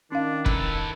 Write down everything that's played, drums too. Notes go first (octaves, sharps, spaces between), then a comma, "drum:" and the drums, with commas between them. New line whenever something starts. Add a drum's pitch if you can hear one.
D#3 C#4 D4 F5
E4 A4 B4, drum: kick E1